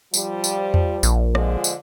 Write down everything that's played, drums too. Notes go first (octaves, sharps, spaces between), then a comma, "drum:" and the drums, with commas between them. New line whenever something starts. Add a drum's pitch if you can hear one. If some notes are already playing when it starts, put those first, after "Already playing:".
F3 G3, drum: tambourine
drum: tambourine
drum: tom E2
A#1, drum: tambourine
D3 F3 G#3, drum: rim click
drum: tambourine